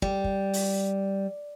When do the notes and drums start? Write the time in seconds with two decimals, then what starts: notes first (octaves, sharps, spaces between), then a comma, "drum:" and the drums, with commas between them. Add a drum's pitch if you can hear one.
0.02 G3, drum: kick
0.24 drum: kick
0.53 drum: open hi-hat